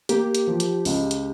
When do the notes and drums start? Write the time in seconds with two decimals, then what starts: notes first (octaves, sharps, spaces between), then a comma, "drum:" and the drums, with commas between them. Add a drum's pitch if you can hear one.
0.09 A#3 G4, drum: hi-hat
0.35 drum: hi-hat
0.47 F3
0.60 drum: hi-hat
0.85 C#2, drum: open hi-hat
1.11 drum: hi-hat